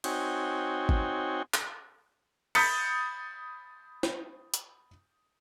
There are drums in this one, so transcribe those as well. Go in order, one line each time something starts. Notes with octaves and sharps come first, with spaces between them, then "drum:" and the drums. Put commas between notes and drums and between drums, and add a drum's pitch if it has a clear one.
C4 D#4 F#4 C#5 G5 G#5, drum: cymbal
drum: kick G#1
drum: clap
B5 D#6 G6 A6 B6 C#7, drum: cymbal
drum: snare
drum: hi-hat